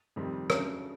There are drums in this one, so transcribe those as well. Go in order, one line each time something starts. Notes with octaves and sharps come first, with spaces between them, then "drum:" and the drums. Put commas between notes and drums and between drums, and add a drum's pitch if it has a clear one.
F2 C3 D#3 G3 C4
C#3 F#3 A3 D4 A#5, drum: rim click